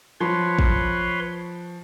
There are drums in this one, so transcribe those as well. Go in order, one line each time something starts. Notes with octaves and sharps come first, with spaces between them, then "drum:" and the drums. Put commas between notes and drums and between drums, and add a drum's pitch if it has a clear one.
F3 B4 C#5 C6
drum: kick